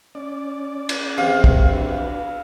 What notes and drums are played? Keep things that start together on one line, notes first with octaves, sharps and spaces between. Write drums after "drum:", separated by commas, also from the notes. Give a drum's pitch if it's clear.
C#4 D5
drum: cymbal
E2 C3 F5
drum: kick
D4 F#4 B4